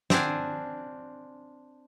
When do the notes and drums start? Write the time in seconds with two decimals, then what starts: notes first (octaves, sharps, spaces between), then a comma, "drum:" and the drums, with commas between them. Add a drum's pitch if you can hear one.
0.10 C4 D4 F5 F#5 G#5, drum: snare